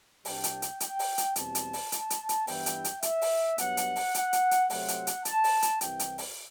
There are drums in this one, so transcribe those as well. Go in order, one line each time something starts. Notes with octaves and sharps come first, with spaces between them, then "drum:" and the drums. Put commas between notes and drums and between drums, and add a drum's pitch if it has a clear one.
C2 C3 G3 D4 G5, drum: open hi-hat
drum: hi-hat
drum: hi-hat
G5, drum: hi-hat
drum: open hi-hat
drum: hi-hat
E2 B2 G3 C4 A5, drum: hi-hat
drum: hi-hat
drum: open hi-hat
A5, drum: hi-hat
drum: hi-hat
drum: hi-hat
G2 E3 B3 E4 G5, drum: open hi-hat
drum: hi-hat
drum: hi-hat
E5, drum: hi-hat
drum: open hi-hat
G2 F#3 B3 F#5, drum: hi-hat
drum: hi-hat
drum: open hi-hat
F#5, drum: hi-hat
drum: hi-hat
drum: hi-hat
C3 F#3 A3 C4 F#5, drum: open hi-hat
drum: hi-hat
drum: hi-hat
A5, drum: hi-hat
drum: open hi-hat
drum: hi-hat
C2 C3 E3 G5, drum: hi-hat
drum: hi-hat
drum: open hi-hat